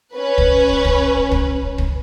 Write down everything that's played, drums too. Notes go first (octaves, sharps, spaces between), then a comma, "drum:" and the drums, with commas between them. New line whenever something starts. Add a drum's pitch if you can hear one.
C#4 B4
drum: kick
drum: kick
drum: kick
drum: kick